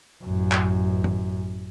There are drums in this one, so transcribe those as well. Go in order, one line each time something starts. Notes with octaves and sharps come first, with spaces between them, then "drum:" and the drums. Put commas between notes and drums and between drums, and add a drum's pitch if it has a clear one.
A1 F#2
drum: clap
drum: tom F#2